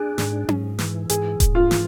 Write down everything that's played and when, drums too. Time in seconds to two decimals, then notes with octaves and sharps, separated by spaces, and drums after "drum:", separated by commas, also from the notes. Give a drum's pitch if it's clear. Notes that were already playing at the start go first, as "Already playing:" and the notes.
Already playing: D4 G#4
0.18 G#2 G#4, drum: snare
0.49 G#2, drum: tom C#4
0.79 E3, drum: snare
1.09 G#2 G#4, drum: hi-hat
1.40 G#2, drum: kick D#1, hi-hat
1.55 F4
1.71 E3, drum: snare